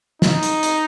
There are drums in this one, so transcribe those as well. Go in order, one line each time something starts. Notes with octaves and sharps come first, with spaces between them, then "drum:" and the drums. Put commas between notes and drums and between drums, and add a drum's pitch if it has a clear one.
D#4, drum: snare
drum: hi-hat
drum: hi-hat